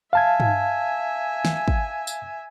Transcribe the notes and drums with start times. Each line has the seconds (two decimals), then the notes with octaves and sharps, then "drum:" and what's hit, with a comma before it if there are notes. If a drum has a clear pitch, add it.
0.13 E5 F5 G#5 A5 G#6
0.40 drum: tom G2
1.45 drum: snare
1.68 drum: kick
2.07 drum: tambourine